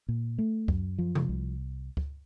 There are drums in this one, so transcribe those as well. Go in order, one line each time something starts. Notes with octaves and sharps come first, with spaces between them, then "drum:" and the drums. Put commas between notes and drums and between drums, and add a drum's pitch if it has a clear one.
A#2
A3
F#2, drum: kick C#2
F3
drum: tom C3
C2
drum: kick C#2